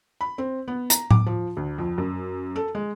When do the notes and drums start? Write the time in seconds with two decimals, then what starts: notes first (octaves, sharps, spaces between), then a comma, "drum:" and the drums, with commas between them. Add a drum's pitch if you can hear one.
0.21 B5
0.38 C4
0.68 B3
0.90 A#5, drum: hi-hat
1.11 D6, drum: tom A2
1.26 F3
1.57 D2
1.78 F2
1.98 F#2
2.56 A4
2.75 G#3